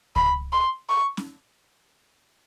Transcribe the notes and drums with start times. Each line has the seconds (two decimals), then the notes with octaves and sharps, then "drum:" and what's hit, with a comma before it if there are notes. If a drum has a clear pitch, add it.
0.16 B5, drum: kick C#2
0.52 C6
0.89 C#6
1.17 drum: snare C#4